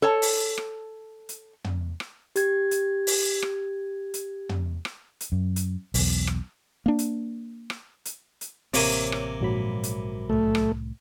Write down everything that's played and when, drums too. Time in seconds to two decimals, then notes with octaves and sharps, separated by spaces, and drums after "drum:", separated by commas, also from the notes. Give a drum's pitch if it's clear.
0.02 A4 C#5 A5
0.22 drum: open hi-hat
0.58 drum: rim click
1.29 drum: hi-hat
1.64 drum: tom
2.00 drum: rim click
2.36 G4 G#6, drum: hi-hat
2.71 drum: hi-hat
3.07 drum: open hi-hat
3.42 drum: rim click
4.14 drum: hi-hat
4.49 drum: tom
4.85 drum: rim click
5.21 drum: hi-hat
5.32 F#2
5.56 drum: hi-hat
5.94 B1 E2, drum: open hi-hat
6.27 drum: rim click
6.86 A#3 D4
6.99 drum: hi-hat
7.70 drum: rim click
8.05 drum: hi-hat
8.41 drum: hi-hat
8.74 A1 C3 A#3 C4 C#5 G#5, drum: open hi-hat
9.12 drum: rim click
9.41 A#1 G#2 F#3 B5
9.83 drum: hi-hat
10.30 C2 A2 A3
10.55 drum: rim click